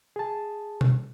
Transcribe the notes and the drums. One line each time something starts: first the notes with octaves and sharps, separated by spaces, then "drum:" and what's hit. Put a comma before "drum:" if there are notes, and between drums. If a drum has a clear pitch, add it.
G#4 A5
drum: tom B2